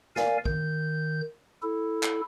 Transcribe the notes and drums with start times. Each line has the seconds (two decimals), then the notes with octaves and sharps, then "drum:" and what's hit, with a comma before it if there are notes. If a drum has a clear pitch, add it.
0.16 A#4 D5 F5 G#5, drum: snare
0.45 D#3 G6, drum: kick
1.62 E4 A4
2.03 drum: clap